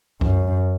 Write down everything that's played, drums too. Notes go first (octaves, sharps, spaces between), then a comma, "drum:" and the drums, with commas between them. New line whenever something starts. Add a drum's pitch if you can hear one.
F#2, drum: kick C2